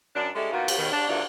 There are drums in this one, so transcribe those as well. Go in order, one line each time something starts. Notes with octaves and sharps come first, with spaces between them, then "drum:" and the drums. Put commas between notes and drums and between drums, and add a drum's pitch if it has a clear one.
F#2 D4
G3 G#3 C#4 D4 E4 A4
A#2 D#3 B3 C4 F4 F#4
drum: cymbal
B2 D#3
D4
B2 D#3 E3 A3 D4 F4